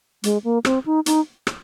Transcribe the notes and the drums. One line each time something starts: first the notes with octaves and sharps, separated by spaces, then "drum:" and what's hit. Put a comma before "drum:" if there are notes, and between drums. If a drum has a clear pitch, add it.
G#3, drum: hi-hat
A#3
C4, drum: rim click
D#4
D#4, drum: hi-hat
drum: rim click